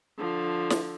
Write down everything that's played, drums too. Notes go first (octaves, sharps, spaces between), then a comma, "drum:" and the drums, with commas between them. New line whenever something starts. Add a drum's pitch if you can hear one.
D3 F3
drum: snare